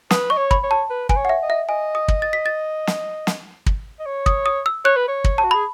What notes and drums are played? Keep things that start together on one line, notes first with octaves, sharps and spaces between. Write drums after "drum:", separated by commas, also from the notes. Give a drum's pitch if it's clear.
B4 D#6, drum: snare
D#5 C#6
C#5
B5, drum: kick
C#5
A5
B4
B4 G#5, drum: kick
C#5
F#5
E5
D#5
E5
D#5 G#5
D#6
drum: kick
A6
B6
A6
drum: snare
drum: snare
drum: kick
D#5
C#5
D#6, drum: kick
D#6
E6
C#5 F#6
B4
C#5
drum: kick
A5
F#4
G#4 B5